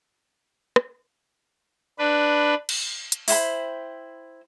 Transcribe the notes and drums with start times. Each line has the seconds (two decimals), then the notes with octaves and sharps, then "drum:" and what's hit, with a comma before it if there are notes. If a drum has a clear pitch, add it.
0.76 drum: rim click
1.99 D4 B4
2.69 drum: cymbal
3.12 drum: hi-hat
3.28 E4 C5 G5 B5, drum: open hi-hat